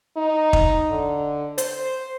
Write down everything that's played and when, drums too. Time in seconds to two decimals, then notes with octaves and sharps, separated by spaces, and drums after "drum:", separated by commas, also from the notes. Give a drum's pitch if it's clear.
0.17 D#4
0.53 drum: kick
0.90 D3
1.58 C5, drum: hi-hat